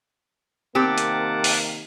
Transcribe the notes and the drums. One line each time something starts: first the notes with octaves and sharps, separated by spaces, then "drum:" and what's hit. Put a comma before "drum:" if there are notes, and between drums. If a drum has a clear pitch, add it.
C3 D#3 A#3 C4 G4 F#5 A5 D6
drum: hi-hat
drum: open hi-hat